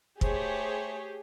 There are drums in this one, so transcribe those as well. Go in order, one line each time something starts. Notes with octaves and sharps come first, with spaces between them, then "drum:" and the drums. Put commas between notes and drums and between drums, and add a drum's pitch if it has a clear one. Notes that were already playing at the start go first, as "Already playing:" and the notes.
A3 G4 G#4 C5 C#5, drum: kick